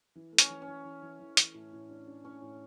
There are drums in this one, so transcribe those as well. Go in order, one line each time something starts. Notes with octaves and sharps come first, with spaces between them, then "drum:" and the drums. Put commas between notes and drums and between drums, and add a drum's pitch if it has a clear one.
E3
A3
C#4, drum: hi-hat
E3
C#4
E3
E3
E3
E3
E3, drum: hi-hat
A2
A2
D4
D4
A2 C#4
A2